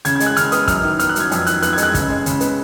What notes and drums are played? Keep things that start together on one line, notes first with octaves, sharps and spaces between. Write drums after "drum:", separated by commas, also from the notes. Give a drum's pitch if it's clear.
C#3 G#6, drum: hi-hat
G#6
G#3, drum: hi-hat
F#6
C#3 F6, drum: hi-hat
B3 D#6, drum: hi-hat
F#2 F6, drum: kick, hi-hat
D#3
B3 F6, drum: hi-hat
F#6
F#3 G#6, drum: hi-hat
F2, drum: hi-hat
D#3 F#6, drum: hi-hat
B3 F#6, drum: hi-hat
G#6
G#3, drum: hi-hat
F#6
C#3, drum: kick, hi-hat
G#3
C#3, drum: hi-hat
B3, drum: hi-hat